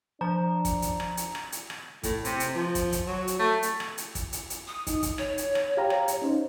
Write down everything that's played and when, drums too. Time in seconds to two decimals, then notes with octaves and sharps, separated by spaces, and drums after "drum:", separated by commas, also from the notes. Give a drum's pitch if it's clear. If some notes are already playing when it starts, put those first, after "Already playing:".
0.21 F3 D4 A#5
0.65 drum: kick, hi-hat
0.82 drum: kick, hi-hat
1.00 drum: rim click
1.17 drum: hi-hat
1.35 drum: rim click
1.52 drum: hi-hat
1.70 drum: rim click
2.03 A2, drum: kick, hi-hat
2.25 C3, drum: hi-hat
2.40 drum: hi-hat
2.55 F3
2.75 drum: kick, hi-hat
2.92 drum: kick, hi-hat
3.07 F#3
3.27 drum: hi-hat
3.39 A3
3.63 drum: hi-hat
3.80 drum: rim click
3.98 drum: hi-hat
4.15 drum: kick, hi-hat
4.33 drum: hi-hat
4.50 drum: hi-hat
4.68 D#6
4.87 D#4, drum: kick, hi-hat
5.03 drum: kick, hi-hat
5.18 C#5, drum: rim click
5.38 drum: hi-hat
5.55 drum: rim click
5.77 G4 F5 A#5
5.90 drum: rim click
6.08 drum: hi-hat
6.22 C#4 D#4 C5